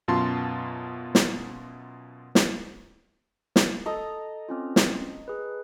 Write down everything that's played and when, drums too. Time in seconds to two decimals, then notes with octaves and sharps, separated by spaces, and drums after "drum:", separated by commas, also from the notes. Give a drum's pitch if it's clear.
0.08 F#2 B2 F4 A5 C6
1.15 drum: snare
2.35 drum: snare
3.56 drum: snare
3.86 A4 D#5 A#5
4.49 C4 C#4 F4
4.76 drum: snare
5.28 G#4 B4